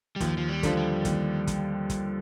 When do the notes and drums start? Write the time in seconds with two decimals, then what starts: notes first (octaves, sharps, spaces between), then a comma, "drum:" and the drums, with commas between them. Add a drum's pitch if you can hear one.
0.16 G3
0.20 D#2 F3, drum: kick, hi-hat
0.38 F3
0.49 G3
0.63 D3 F3, drum: kick, hi-hat
0.77 G3
1.05 D#2, drum: kick, hi-hat
1.47 drum: kick, hi-hat
1.90 drum: kick, hi-hat